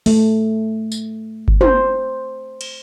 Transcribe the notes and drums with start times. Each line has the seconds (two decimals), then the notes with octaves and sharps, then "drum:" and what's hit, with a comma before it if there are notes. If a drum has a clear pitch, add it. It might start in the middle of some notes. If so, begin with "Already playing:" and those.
0.06 A3, drum: open hi-hat
0.92 drum: tambourine
1.48 drum: kick G1
1.61 C5, drum: tom
2.61 drum: cymbal